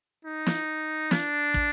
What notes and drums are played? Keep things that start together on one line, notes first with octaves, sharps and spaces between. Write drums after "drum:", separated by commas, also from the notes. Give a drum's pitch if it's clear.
D#4
drum: snare
D4, drum: snare
drum: kick